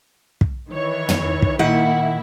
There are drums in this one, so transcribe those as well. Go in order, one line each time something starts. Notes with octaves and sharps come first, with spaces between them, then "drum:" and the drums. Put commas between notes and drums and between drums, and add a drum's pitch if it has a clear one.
drum: kick
D#3 E3 C#5
drum: tom
drum: kick
A#2 D#3 A#3 E4 F#5